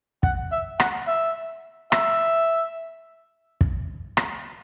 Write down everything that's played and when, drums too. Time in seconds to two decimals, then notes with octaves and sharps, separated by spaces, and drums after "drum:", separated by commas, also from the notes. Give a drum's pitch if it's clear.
0.23 F#5, drum: kick
0.52 E5
0.80 F#5, drum: rim click
1.08 E5
1.92 E5, drum: rim click
3.61 drum: kick
4.17 drum: rim click